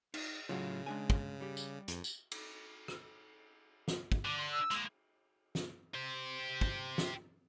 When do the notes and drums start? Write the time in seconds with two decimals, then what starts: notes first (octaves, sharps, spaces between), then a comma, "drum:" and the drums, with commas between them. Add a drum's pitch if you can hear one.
0.14 D#4, drum: cymbal
0.49 A2 C#3 F#3 F4
0.86 G#3 D4 G#5
1.10 drum: kick
1.41 G3 G4
1.57 drum: tambourine
1.88 F2, drum: hi-hat
2.04 drum: tambourine
2.32 drum: cymbal
2.88 drum: rim click
3.88 drum: snare
4.12 drum: kick
4.25 D3 D6
4.37 C6
4.51 E6
4.71 G#3 A#3, drum: hi-hat
5.55 drum: snare
5.95 G4 C5
6.61 drum: kick
6.98 drum: snare